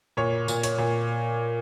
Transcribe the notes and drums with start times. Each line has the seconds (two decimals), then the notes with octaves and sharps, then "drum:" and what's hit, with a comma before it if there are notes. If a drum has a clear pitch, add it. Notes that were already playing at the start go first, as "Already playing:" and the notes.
0.17 A#2 C#5
0.48 A#2, drum: tambourine
0.63 C#5, drum: hi-hat
0.78 A#2